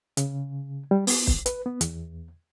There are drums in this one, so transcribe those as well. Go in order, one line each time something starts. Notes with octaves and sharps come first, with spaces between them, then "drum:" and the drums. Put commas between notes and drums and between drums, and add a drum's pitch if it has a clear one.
C#3, drum: hi-hat
G3
B3, drum: open hi-hat
drum: kick
B4, drum: hi-hat
B3
E2, drum: hi-hat